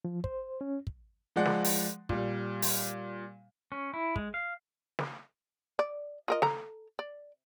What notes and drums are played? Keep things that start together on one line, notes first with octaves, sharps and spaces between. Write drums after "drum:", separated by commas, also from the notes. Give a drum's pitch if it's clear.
F3
C5, drum: kick
C#4
drum: kick
F3 G#3 D5 F#5
drum: snare
drum: open hi-hat
A#2 G3, drum: kick
drum: open hi-hat
C#4
E4
G#3, drum: kick
F5
drum: snare
D5
F4 A#4 D#5
A4 A#5, drum: snare
D5